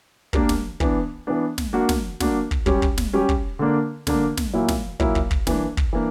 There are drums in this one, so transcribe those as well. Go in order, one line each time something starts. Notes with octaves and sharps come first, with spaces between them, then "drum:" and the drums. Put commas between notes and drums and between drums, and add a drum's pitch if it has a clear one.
A#3 D4 G4 A#4, drum: kick
drum: snare
E3 B3 D4, drum: kick
E3 B3 D4
drum: snare
A#3 D4 F#4
drum: snare
A#3 D4 F#4, drum: snare
drum: kick
G3 C#4 G4, drum: kick
drum: kick
drum: snare
G3 C#4 G4
drum: kick
D3 A#3 D4
D3 A#3 D4, drum: snare
drum: snare
A#2 F#3 A#3 E4
drum: snare
A#2 F#3 A#3 E4, drum: kick
drum: kick
drum: kick
E3 A#3 D4, drum: snare
drum: kick
E3 A#3 D4